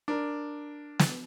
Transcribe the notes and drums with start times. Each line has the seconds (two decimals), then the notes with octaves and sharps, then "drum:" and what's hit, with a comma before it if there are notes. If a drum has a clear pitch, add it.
0.08 D4 A#4
0.99 drum: snare